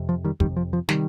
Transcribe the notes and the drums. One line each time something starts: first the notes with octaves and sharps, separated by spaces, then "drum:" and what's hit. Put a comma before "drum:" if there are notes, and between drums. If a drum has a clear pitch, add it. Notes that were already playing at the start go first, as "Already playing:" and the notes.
Already playing: F2 C3
F3
D#3 G3
F2 C3 D#3 G3, drum: kick
F3
F3
C3 D#3 G3, drum: snare